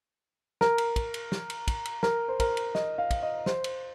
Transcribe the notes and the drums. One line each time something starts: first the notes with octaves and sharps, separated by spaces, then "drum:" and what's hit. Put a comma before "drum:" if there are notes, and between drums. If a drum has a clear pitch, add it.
A#4, drum: snare
drum: cymbal
drum: kick, cymbal
drum: cymbal
drum: snare
drum: cymbal
drum: kick, cymbal
drum: cymbal
A#4, drum: snare
C5
A#4, drum: kick, cymbal
drum: cymbal
D#5, drum: snare
F5
drum: kick, cymbal
D#5
C5, drum: snare
drum: cymbal